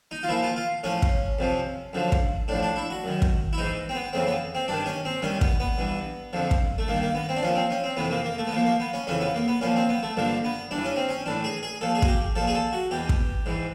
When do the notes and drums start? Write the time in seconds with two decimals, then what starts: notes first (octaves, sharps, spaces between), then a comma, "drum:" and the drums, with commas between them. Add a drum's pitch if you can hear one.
0.11 D#4
0.23 F4
0.29 A#2 F3 E4
0.43 F4
0.56 F4
0.83 A2 F3 C#4
1.02 drum: kick
1.39 F2 C3 F3
1.93 F#2 D3 F3
2.12 drum: kick
2.48 A2 F3 D4
2.63 D4
2.76 E4
2.90 F#4
3.04 F#2 D#3
3.22 drum: kick
3.53 E4
3.58 G#2 E3 D#4
3.89 C4
3.95 B3
4.13 F2 C#3 E3 C4
4.27 B3
4.55 C4
4.68 G2 D#3 D4
4.86 C#4
5.05 C4
5.22 G2 D#3 C#4
5.41 B3, drum: kick
5.60 B3
5.78 G2 E3
6.33 F2 D3 F3
6.51 drum: kick
6.78 A3
6.88 G2 D#3 A#3
7.02 A#3
7.15 B3
7.29 C4
7.36 D4
7.43 A#2 F3 C#4
7.55 C4
7.70 C#4
7.84 C4
7.97 F2 C3 E3 B3
8.11 A#3
8.24 A#3
8.38 A3
8.47 B3
8.52 A#2 F3 A#3
8.65 A#3
8.80 B3
8.93 C#4
9.07 F2 C#3 E3 C#4
9.21 B3
9.35 A#3
9.48 B3
9.61 A#2 F3 C#4
9.76 C4
9.89 B3
10.03 A3
10.17 G2 D3 F3 A#3
10.44 B3
10.71 G2 E3 D4
10.85 C#4
10.96 C4
11.09 C#4
11.26 A2 E3 D4
11.44 G#4
11.63 G#4
11.81 A#2 F3 A4
11.95 G#4
12.02 F#4, drum: kick
12.08 G4
12.36 A#2 F3 A4
12.47 G#4
12.55 A4
12.73 F#4
12.91 E2 B2 G4
13.09 drum: kick
13.46 G#2 E3